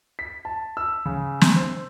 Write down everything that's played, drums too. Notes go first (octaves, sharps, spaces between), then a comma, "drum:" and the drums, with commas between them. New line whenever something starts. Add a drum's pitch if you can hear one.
B6
A5
E6
C#3
drum: snare
C5